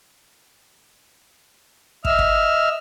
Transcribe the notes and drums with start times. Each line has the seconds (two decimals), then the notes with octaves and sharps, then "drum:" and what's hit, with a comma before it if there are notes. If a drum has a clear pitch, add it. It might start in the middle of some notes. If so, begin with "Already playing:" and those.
2.05 D#5 E5 E6 F6, drum: kick
2.19 drum: kick